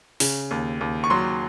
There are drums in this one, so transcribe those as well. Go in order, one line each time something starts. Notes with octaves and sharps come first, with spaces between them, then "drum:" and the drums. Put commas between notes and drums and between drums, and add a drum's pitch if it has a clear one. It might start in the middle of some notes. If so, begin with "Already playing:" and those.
C#3, drum: open hi-hat
D#2
D#2
C#6
F#3 C6